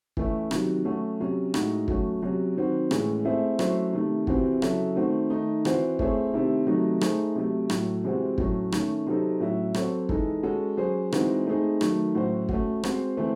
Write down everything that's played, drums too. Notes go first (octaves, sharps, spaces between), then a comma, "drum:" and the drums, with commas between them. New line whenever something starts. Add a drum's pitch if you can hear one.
E3 A3 C#4 E4, drum: kick
C3 D#3 F#3, drum: rim click
F#3 A3 C#4 F#4 A4
C3 F#3 C#4
A2 G#3 D#4 F#4, drum: rim click
F#3 A3 C#4 F#4, drum: kick
C3 F#3 C#4
D#3 F#3 C4 F#4
A2 E3 G#3 C#4 G#4, drum: rim click
A3 C4 E4 G#4
F#3 A3 C#4 E4 C5, drum: rim click
C3 D#3 A3
C3 E3 C4 F#4, drum: kick
C#3 F#3 C#4 E4 A4, drum: rim click
D#3 A3 C4 F#4
D#3 A3 D#4
E3 C4 F#4 C5, drum: rim click
A3 C4 E4 G#4 C#5, drum: kick
C3 D#3 A3 C4 E4
C3 D#3 F#3 A3 D#4
A3 D#4 G#4 C5, drum: rim click
C3 F#3 A3
A2 F#3 A3, drum: rim click
C3 E3 G#3 C4 F#4
A2 F#3 A3 C#4, drum: kick
D#3 A3 C#4, drum: rim click
C3 F#3 C4 D#4 A4
A2 F#3 C#4 E4
F#3 C4 F#4 A4 C#5, drum: rim click
E3 G#3 D#4 A4, drum: kick
G#3 C#4 F#4 A4
F#3 C#4 G#4 C5
E3 G#3 C4 D#4 F#4, drum: rim click
A3 C4 D#4 G#4
D#3 F#3 A3, drum: rim click
A2 F#3 C#4 F#4 C5
A3 C#4 F#4, drum: kick
G#3 C4 F#4 C5, drum: rim click
E3 A3 C4